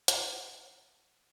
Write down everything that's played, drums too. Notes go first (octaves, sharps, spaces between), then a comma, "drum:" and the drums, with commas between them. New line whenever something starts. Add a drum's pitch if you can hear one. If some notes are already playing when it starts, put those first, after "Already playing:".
F#5 A5, drum: hi-hat